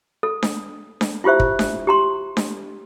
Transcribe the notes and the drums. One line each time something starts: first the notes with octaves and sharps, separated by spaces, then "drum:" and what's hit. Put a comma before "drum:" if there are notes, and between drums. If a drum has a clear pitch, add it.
A4
drum: snare D4
drum: snare D4
E4 F4 G4 C5 E5
drum: kick
drum: snare D4
G4 A#5 C6
drum: snare D4